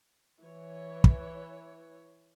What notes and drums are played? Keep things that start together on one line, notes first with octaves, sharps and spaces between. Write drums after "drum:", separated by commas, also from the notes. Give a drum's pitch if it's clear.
E3 C#5
drum: kick